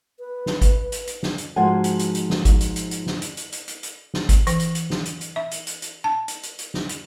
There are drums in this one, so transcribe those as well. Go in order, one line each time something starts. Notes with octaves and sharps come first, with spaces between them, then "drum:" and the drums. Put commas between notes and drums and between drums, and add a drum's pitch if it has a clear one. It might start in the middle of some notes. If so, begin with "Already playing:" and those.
B4
drum: snare
drum: kick G#1, hi-hat
drum: hi-hat
drum: hi-hat
drum: snare
drum: hi-hat
G#2 F3 F#4 C5 F#5 G#5
drum: hi-hat
drum: hi-hat
drum: hi-hat
drum: snare
drum: kick G#1, hi-hat
drum: hi-hat
drum: hi-hat
drum: hi-hat
drum: snare
drum: hi-hat
drum: hi-hat
drum: hi-hat
drum: hi-hat
drum: hi-hat
drum: snare
drum: kick G#1, hi-hat
E3, drum: hi-hat
drum: hi-hat
drum: hi-hat
drum: snare
drum: hi-hat
drum: hi-hat
E5
drum: hi-hat
drum: hi-hat
drum: hi-hat
A5
drum: hi-hat
drum: hi-hat
drum: hi-hat
drum: snare
drum: hi-hat